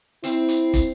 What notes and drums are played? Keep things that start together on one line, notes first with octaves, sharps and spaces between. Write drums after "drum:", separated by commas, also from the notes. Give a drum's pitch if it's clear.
C4 E4, drum: hi-hat
drum: hi-hat
drum: kick, hi-hat